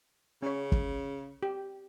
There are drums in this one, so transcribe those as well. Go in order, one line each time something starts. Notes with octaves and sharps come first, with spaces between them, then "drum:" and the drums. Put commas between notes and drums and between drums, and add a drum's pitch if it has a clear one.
C#3 C#4 C#5
drum: kick
G4